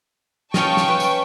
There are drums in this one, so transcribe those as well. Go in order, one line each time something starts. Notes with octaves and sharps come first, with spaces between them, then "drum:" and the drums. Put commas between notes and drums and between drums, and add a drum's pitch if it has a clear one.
C#4 F4 D#5 G5 A5 C#6, drum: snare
drum: snare
B4
drum: tambourine